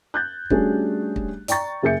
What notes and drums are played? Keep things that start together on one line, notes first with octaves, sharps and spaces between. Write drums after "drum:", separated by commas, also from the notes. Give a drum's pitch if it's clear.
F#6 G6 A6
G3 A3 C#4 D4 F#4 G#4, drum: kick
drum: kick
D5 G5 A#5 C#6 A6, drum: hi-hat
F#1 G#4 A#4 E5 G6 C#7